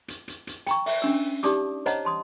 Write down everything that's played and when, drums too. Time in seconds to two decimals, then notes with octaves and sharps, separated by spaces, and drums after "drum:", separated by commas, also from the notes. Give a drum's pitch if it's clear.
0.08 drum: hi-hat
0.28 drum: hi-hat
0.47 drum: hi-hat
0.67 G5 A#5 C#6, drum: hi-hat
0.86 E5, drum: open hi-hat
1.02 C#4 D4 E6
1.43 D#4 G4 D5 A5 D6 D#6, drum: hi-hat
1.86 C5 C#5 D#5 F#5 A5 A#5, drum: hi-hat
2.05 A5 C6 D#6